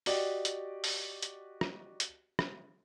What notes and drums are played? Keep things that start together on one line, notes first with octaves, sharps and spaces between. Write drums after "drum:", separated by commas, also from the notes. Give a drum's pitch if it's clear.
F#4 G4 D5 D#5, drum: open hi-hat
drum: hi-hat
drum: open hi-hat
drum: hi-hat
drum: rim click
drum: hi-hat
drum: rim click